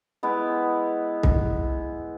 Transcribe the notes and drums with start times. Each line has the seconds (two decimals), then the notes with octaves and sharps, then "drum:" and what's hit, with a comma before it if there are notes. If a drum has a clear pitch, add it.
0.23 G#3 B3 E4
1.23 drum: kick C2